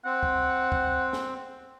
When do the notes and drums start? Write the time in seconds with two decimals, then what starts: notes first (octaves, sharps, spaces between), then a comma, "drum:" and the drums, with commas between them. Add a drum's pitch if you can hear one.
0.05 C4 F#5
0.23 drum: kick
0.72 drum: kick
1.13 drum: snare